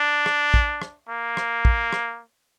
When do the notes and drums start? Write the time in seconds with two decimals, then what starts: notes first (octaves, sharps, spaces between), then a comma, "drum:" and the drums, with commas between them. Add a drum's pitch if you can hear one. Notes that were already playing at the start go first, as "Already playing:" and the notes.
Already playing: D4
0.26 drum: rim click
0.54 drum: kick
0.82 drum: rim click
1.09 A#3
1.37 drum: rim click
1.65 drum: kick
1.93 drum: rim click